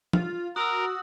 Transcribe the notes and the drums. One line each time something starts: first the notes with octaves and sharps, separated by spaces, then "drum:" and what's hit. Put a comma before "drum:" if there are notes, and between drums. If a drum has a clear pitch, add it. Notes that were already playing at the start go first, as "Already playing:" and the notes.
F4, drum: tom F3
F#4 A#4 D#6 E6